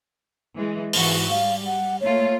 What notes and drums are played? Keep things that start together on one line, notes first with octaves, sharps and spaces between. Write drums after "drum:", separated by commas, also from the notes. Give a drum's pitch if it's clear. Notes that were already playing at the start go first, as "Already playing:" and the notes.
E3 G#3
G#2 E3 F#4, drum: open hi-hat
G3 F5
F#5
A3 A#3 F4 C#5